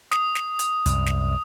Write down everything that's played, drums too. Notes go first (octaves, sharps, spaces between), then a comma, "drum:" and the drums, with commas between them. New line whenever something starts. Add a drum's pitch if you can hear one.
D#6, drum: snare
drum: snare
drum: hi-hat
C2 F#2, drum: hi-hat
drum: snare